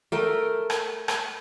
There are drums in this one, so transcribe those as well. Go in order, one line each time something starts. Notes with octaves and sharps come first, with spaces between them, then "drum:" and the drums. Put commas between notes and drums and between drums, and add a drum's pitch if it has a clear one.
A3 A#4 G5
drum: rim click
drum: rim click